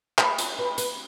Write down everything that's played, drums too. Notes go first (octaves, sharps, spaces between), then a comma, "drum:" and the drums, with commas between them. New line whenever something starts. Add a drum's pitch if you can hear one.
B4, drum: clap
drum: hi-hat
B4
B4, drum: hi-hat